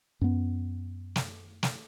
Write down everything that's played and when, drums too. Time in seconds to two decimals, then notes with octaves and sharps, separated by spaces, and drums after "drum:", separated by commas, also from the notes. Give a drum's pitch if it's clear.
0.21 F#2 B3
1.16 drum: snare
1.63 drum: snare